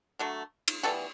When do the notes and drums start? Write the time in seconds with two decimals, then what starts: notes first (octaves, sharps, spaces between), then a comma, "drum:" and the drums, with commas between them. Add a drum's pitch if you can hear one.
0.19 D3 F#3 A3
0.68 drum: cymbal
0.83 E3 G3 B3 F#4 A4